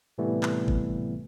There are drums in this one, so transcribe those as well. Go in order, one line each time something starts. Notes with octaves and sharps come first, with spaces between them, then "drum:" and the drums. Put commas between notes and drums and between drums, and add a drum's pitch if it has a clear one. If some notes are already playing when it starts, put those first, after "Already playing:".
A2 C3 E3 G3 A3 B3
drum: clap
drum: kick G1